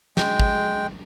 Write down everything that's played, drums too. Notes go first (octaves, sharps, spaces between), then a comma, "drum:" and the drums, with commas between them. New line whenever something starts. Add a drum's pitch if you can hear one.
G#3 G5, drum: snare
drum: kick